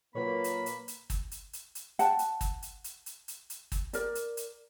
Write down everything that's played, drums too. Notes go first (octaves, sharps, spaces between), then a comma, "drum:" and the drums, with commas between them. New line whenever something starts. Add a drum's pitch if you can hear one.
A#2 F#3 A#3 B4 C#5 B5
drum: hi-hat
drum: hi-hat
drum: hi-hat
drum: kick, hi-hat
drum: hi-hat
drum: hi-hat
drum: hi-hat
F#5 G5 A5, drum: hi-hat
drum: hi-hat
drum: kick, hi-hat
drum: hi-hat
drum: hi-hat
drum: hi-hat
drum: hi-hat
drum: hi-hat
drum: kick, hi-hat
A#4 D5, drum: hi-hat
drum: hi-hat
drum: hi-hat